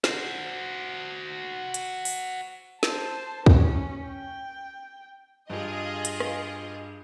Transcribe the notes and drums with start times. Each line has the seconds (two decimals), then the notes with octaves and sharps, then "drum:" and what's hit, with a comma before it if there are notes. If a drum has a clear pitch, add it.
0.04 F#4 C5, drum: snare
1.74 drum: hi-hat
2.05 drum: open hi-hat
2.83 C5 A5, drum: snare
3.46 C#4, drum: kick
4.08 G5
5.50 G2 F4 G#4 D#5
6.05 drum: hi-hat
6.20 drum: rim click